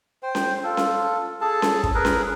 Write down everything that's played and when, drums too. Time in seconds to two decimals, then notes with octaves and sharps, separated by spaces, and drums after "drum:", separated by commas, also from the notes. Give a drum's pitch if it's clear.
0.23 C5 G5
0.35 drum: snare C#4
0.64 F4 A4
0.77 drum: snare C#4
1.41 G#4 A4 A5
1.62 drum: snare C#4
1.83 drum: kick
1.95 G#4 A#4 B4
2.05 drum: snare C#4